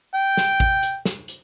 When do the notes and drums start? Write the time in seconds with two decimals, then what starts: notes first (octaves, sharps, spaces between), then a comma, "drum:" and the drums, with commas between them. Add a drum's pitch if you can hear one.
0.15 G5
0.37 drum: snare
0.60 drum: kick
0.83 drum: hi-hat
1.05 drum: snare
1.28 drum: hi-hat